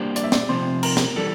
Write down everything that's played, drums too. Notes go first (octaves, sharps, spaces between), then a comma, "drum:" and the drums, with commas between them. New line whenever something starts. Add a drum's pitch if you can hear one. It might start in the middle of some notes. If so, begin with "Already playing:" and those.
Already playing: G3 A#3 D4 G4 C5
D5, drum: hi-hat
E5
D5, drum: snare
C3 F3 C4 C5
A#4, drum: cymbal
drum: snare
E3 G3 D4 A4